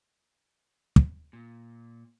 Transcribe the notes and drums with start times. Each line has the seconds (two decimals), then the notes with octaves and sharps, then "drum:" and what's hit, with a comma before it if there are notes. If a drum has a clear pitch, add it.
0.96 drum: kick
1.33 A#2